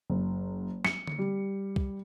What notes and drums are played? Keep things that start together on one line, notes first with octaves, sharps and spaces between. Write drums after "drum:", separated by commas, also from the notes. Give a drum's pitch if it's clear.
F#1
C#7, drum: snare
drum: tom D3
G3
drum: kick C2